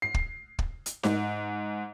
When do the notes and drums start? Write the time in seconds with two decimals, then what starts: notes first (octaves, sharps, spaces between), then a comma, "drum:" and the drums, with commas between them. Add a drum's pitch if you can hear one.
0.02 C7
0.14 drum: kick
0.59 drum: kick
0.86 drum: hi-hat
1.03 G#2, drum: snare D#4